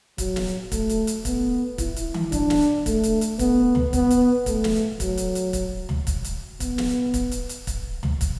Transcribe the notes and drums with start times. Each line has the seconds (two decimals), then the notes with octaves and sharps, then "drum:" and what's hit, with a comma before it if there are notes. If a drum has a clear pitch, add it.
0.18 F#3, drum: kick, hi-hat
0.36 drum: snare
0.72 A3, drum: kick, hi-hat
0.89 drum: hi-hat
1.07 drum: hi-hat
1.25 B3, drum: kick, hi-hat
1.78 E4, drum: kick, hi-hat
1.96 drum: hi-hat
2.14 drum: tom D#3
2.32 D4, drum: kick, hi-hat
2.50 drum: snare
2.86 A3, drum: kick, hi-hat
3.03 drum: hi-hat
3.21 drum: hi-hat
3.39 B3, drum: kick, hi-hat
3.75 drum: tom
3.93 B3, drum: kick, hi-hat
4.10 drum: hi-hat
4.46 A3, drum: kick, hi-hat
4.64 drum: snare
5.00 F#3, drum: kick, hi-hat
5.17 drum: hi-hat
5.35 drum: hi-hat
5.53 drum: kick, hi-hat
5.89 drum: tom
6.07 drum: kick, hi-hat
6.25 drum: hi-hat
6.60 B3, drum: kick, hi-hat
6.78 drum: snare
7.14 drum: kick, hi-hat
7.32 drum: hi-hat
7.49 drum: hi-hat
7.67 drum: kick, hi-hat
8.03 drum: tom
8.21 drum: kick, hi-hat